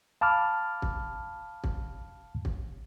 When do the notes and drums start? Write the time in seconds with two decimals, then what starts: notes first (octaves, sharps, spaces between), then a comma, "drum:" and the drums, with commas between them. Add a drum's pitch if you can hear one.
0.21 F5 A5 B5 D6 F6
0.82 drum: kick
1.64 drum: kick
2.45 drum: kick